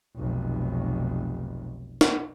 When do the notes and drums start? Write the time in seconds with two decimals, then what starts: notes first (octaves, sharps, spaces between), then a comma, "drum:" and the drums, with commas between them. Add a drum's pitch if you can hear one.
0.16 F1 B1
2.01 drum: snare